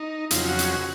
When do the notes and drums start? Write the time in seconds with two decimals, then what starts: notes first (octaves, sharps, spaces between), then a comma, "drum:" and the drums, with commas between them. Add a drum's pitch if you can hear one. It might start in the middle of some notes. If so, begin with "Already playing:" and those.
Already playing: D#4
0.31 F2 C#3 F#3 F4, drum: hi-hat
0.49 F#4
0.59 drum: hi-hat
0.68 F#4